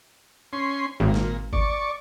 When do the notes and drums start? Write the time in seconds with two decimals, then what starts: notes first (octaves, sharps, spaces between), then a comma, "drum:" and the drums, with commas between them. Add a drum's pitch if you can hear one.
0.53 C#4 C6
1.00 G#1 A#2
1.14 drum: snare
1.53 D5 C#6, drum: kick G1